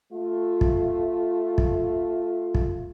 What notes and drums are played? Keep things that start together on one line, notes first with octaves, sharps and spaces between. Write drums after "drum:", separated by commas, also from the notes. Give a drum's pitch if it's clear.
A3 F4
drum: kick
drum: kick
drum: kick